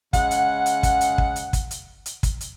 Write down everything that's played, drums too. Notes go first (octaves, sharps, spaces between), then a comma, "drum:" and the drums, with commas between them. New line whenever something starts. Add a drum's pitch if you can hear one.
C#3 G#3 F#5, drum: kick, hi-hat
drum: hi-hat
drum: hi-hat
drum: kick, hi-hat
drum: hi-hat
drum: kick
drum: hi-hat
drum: kick, hi-hat
drum: hi-hat
drum: hi-hat
drum: kick, hi-hat
drum: hi-hat